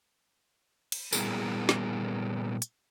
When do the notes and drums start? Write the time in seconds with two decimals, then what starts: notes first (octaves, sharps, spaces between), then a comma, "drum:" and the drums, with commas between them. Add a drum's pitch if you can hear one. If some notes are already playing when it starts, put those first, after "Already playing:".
0.92 drum: cymbal
1.13 A#2 G3 B3 E4 G#4 A#4, drum: tambourine
1.69 drum: snare
2.62 drum: hi-hat